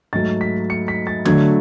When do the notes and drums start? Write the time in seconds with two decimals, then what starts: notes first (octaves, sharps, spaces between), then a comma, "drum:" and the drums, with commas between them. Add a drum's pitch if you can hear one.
0.13 G#2 F#3 A3 A6
0.41 B6
0.70 C#7
0.88 B6
1.07 A6
1.25 D3 F#3 A3 G#6, drum: tom D3